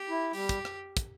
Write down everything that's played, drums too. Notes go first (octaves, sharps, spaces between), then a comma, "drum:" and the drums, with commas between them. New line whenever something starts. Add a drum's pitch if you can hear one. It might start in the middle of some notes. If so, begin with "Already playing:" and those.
Already playing: G4
E4
G3 G4, drum: open hi-hat
drum: kick, hi-hat
drum: rim click
drum: kick, hi-hat